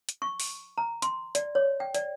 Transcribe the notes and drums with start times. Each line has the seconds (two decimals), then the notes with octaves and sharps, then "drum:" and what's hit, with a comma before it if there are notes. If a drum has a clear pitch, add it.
0.09 drum: hi-hat
0.22 C#6
0.40 drum: open hi-hat
0.78 A#5
1.02 C6, drum: hi-hat
1.35 D5, drum: hi-hat
1.55 C#5
1.80 G5
1.95 D5, drum: hi-hat